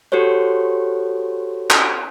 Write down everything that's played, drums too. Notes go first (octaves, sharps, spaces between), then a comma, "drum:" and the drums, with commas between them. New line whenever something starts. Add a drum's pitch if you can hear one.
F#4 G4 A4 C5 C#5
drum: clap